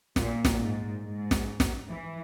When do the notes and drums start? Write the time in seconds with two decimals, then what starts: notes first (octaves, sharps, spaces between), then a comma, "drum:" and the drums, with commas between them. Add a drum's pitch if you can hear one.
0.16 A#2, drum: snare
0.45 drum: snare
0.59 G#2
1.02 G#2
1.31 drum: snare
1.60 drum: snare
1.89 E3